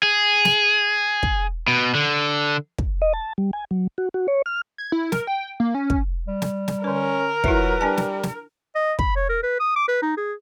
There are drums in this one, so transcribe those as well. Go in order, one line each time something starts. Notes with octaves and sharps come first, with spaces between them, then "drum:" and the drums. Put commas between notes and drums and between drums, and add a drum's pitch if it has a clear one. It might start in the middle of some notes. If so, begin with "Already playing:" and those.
G#4
drum: snare
drum: kick
B2
D3
drum: kick
D#5
A5
G3
G#5
F#3
F#4
F#4
C#5
F6
G#6
E4
A#4, drum: snare
G5
A#3
C#4
drum: kick
G3
drum: snare
drum: snare
D3 C#4 A#4 B4
F#3 E4 F4 B4 E5, drum: kick
G3 D4 G#5 A5
drum: snare
drum: snare
D#5
B5, drum: kick
C#5
A#4
B4
D#6
D6
B4
D#4
G#4